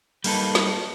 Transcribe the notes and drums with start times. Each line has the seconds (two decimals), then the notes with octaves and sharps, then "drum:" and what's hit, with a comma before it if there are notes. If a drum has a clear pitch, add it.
0.24 G3 A#3 D#4 A4 B4, drum: open hi-hat
0.55 drum: snare